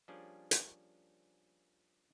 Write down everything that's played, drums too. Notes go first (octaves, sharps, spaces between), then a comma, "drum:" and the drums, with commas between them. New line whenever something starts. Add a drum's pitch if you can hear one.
F3 G3 A#3 C#4 D4 G#4
drum: hi-hat